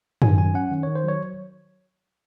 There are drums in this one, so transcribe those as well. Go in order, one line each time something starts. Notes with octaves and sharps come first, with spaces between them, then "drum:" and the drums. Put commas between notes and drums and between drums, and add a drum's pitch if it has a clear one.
D#3 G#5, drum: tom
F#3 G#5
C#4 F#5
D#3
D#3 C#5
C5
F#3 C#5